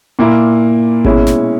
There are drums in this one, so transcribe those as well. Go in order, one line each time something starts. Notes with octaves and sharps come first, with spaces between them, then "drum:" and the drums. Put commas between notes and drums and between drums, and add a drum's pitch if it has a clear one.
A#2 A#3 E4
B2 G#3 C#4 E4, drum: kick G#1
drum: snare